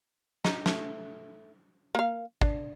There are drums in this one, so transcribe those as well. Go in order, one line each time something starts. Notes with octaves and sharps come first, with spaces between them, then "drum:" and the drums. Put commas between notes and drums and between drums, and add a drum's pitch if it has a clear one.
D#4, drum: snare
A3, drum: snare
A#3 F5
D4, drum: kick